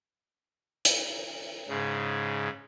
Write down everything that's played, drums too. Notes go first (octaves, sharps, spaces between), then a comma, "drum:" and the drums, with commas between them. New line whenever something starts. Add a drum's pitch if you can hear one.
drum: hi-hat
G#2 C#3